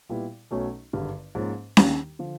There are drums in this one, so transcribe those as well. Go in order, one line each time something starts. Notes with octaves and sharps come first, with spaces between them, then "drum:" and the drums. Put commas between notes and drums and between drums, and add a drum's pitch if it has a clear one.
A#2 G3 B3 E4
B1 B2 F#3 A3 C#4
G#1 G2 D3
G#2 F3 A#3 C#4
D#2 D#3 G3 A#3 D4, drum: snare C#4
D3 F3